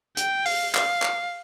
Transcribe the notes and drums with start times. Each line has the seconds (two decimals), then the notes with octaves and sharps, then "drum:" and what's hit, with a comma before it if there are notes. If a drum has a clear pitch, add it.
0.17 G5, drum: hi-hat
0.46 F5, drum: open hi-hat
0.75 F5, drum: clap
1.02 drum: clap